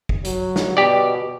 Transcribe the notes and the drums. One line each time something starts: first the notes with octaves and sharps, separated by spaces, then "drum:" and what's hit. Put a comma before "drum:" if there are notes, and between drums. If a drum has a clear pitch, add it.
drum: kick
F#3, drum: hi-hat
drum: snare
B2 G4 D5